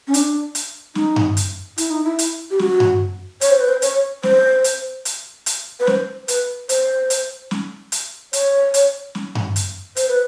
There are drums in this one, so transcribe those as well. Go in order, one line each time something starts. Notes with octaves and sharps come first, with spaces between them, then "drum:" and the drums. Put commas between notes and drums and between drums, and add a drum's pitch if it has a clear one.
C#4
D4, drum: hi-hat
drum: hi-hat
D#4, drum: snare
drum: tom G2
drum: hi-hat
E4, drum: hi-hat
D#4
E4
drum: hi-hat
G4
F#4, drum: snare
drum: tom G2
C#5, drum: hi-hat
C5
B4
C5
C#5, drum: hi-hat
C5, drum: snare
drum: hi-hat
drum: hi-hat
drum: hi-hat
B4
C5, drum: snare
B4, drum: hi-hat
C5, drum: hi-hat
drum: hi-hat
drum: snare
drum: hi-hat
C#5, drum: hi-hat
drum: hi-hat
drum: snare
drum: tom G2
drum: hi-hat
C5, drum: hi-hat
B4